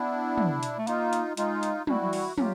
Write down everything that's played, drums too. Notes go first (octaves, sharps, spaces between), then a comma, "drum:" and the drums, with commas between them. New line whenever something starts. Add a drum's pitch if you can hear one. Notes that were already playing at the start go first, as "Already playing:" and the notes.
Already playing: B3 D4 E4
drum: tom
drum: hi-hat
A3
A#3 D#4 F4, drum: hi-hat
drum: hi-hat
G#3 D#4 F4, drum: hi-hat
drum: hi-hat
G3 E4 F#4, drum: tom
drum: open hi-hat
F#3 F4 G4, drum: tom